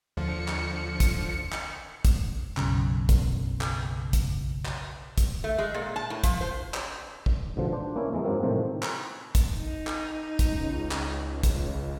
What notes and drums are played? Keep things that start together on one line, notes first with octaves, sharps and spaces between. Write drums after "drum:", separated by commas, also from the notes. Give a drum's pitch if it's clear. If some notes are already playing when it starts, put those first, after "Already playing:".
D#2 D3 F3 C#7
drum: clap
drum: kick, hi-hat
drum: clap
drum: kick, hi-hat
F#1 B1 C#3, drum: clap
drum: kick, hi-hat
drum: clap
drum: kick, hi-hat
drum: clap
drum: kick, hi-hat
A3
G#3
A#2
A5
A2
F3, drum: kick, hi-hat
C5
drum: clap
drum: kick
G#2 B2 D3 F3
D4 C5
A#3 C#4 E4
F2 E3 G#3 A#3
G#2 F#3 A#3 C4
A2 C3 D#3 F3 A3
drum: clap
drum: kick, hi-hat
D#4
drum: clap
drum: kick, hi-hat
C#2
drum: clap
drum: kick, hi-hat